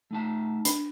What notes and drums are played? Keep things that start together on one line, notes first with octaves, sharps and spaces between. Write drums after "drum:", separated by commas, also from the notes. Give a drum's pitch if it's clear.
A3 D#4 A5
D4, drum: hi-hat